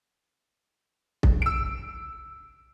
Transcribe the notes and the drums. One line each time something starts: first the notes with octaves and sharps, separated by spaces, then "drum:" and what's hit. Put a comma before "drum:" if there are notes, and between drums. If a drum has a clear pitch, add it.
drum: kick
E6 D7